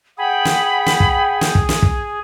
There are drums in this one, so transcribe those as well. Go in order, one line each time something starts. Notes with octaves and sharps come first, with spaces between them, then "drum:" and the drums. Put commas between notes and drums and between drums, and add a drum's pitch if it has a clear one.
G#4 F#5 G5 B5
drum: snare
drum: snare
drum: kick
drum: snare
drum: kick
drum: snare
drum: kick